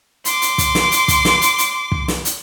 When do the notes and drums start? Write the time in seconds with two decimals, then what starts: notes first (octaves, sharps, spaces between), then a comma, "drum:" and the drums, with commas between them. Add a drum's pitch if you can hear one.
0.25 C6 D6, drum: hi-hat
0.42 drum: hi-hat
0.58 drum: kick, hi-hat
0.75 drum: snare
0.92 drum: hi-hat
1.08 drum: kick, hi-hat
1.25 drum: snare
1.42 drum: hi-hat
1.58 drum: hi-hat
1.92 drum: kick
2.08 drum: snare
2.25 drum: hi-hat